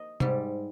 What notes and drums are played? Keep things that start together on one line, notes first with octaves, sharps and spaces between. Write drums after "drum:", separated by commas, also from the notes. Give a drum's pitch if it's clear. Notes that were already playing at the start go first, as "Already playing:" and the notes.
Already playing: D#5
G#2 G3, drum: tom C3